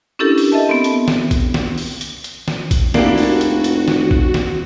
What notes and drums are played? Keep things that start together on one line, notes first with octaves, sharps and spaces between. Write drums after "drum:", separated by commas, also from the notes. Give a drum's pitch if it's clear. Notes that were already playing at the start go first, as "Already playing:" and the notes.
C#4 D4 E4 G4 A4 A#4
drum: open hi-hat
A4 D#5 E5 A5
B3 C4
drum: hi-hat
drum: snare
drum: kick, hi-hat
drum: snare
drum: open hi-hat
drum: hi-hat
drum: hi-hat
drum: snare
drum: kick, hi-hat
F1 A#3 D4 E4 F#4 G4 D5, drum: snare
drum: open hi-hat
drum: hi-hat
drum: hi-hat
drum: snare
drum: kick
drum: snare